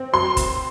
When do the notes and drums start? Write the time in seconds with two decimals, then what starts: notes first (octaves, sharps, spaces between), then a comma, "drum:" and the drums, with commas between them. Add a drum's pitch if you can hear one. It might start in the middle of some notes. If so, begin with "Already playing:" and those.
Already playing: C4
0.13 F#3 C6
0.37 drum: kick F1, hi-hat